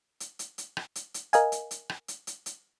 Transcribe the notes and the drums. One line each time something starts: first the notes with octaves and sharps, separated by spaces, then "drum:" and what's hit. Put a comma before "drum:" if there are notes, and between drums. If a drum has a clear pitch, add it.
drum: hi-hat
drum: hi-hat
drum: hi-hat
drum: rim click
drum: hi-hat
drum: hi-hat
A#4 D#5 F5 G#5, drum: hi-hat
drum: hi-hat
drum: hi-hat
drum: rim click
drum: hi-hat
drum: hi-hat
drum: hi-hat